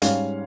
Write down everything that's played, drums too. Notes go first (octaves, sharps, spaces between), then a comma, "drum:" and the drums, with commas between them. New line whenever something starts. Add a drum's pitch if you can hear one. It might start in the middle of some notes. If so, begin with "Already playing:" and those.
G#2 G3 C#4 C#5 F5, drum: hi-hat